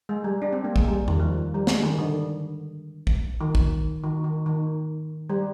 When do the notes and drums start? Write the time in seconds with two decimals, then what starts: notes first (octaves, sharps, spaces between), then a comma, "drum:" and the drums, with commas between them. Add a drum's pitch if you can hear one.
0.09 G#3
0.24 G3
0.42 D4
0.53 C4
0.64 A#3
0.76 G#3, drum: kick
0.88 G3
1.08 D#3, drum: tom E2
1.20 F3
1.54 G3
1.67 G#3, drum: snare
1.83 D#3
1.99 D3
3.07 drum: kick
3.41 D#3
3.55 drum: kick
4.04 D#3
4.24 D#3
4.46 D#3
5.30 G3